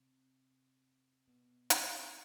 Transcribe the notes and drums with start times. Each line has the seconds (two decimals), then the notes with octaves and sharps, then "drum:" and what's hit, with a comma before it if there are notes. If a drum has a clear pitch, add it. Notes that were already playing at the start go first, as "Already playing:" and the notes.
Already playing: C3
1.27 B2
1.70 C3, drum: hi-hat